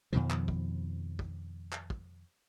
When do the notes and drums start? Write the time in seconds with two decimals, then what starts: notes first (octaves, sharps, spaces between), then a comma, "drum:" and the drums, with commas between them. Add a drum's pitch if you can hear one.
0.13 F2 B2 D#3 F3
0.30 drum: clap
0.48 drum: kick
1.19 drum: kick
1.72 drum: clap
1.90 drum: kick